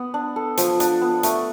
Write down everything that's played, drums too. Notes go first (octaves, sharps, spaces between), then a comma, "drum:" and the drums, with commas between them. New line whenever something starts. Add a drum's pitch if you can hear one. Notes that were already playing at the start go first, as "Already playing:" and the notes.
Already playing: B3
D4
A4
F3, drum: hi-hat
D4, drum: hi-hat
B3
A3, drum: hi-hat